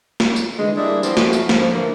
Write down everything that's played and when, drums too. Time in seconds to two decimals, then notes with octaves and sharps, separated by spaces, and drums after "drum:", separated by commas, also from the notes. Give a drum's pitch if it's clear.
0.20 drum: snare
0.36 drum: tambourine
0.58 D3 E3 G#3
0.77 G3 A#3 D4 E4 G#4
1.03 F3 B3 C4, drum: tambourine
1.17 F3 A3 E4 F#4, drum: snare
1.33 drum: tambourine
1.49 G#2 F3, drum: snare
1.73 D3 E3 A3 A#3